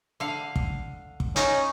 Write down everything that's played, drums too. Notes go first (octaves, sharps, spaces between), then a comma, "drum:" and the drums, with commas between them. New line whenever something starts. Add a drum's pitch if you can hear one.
D3 F5
drum: kick
drum: kick
C#4 D#4, drum: hi-hat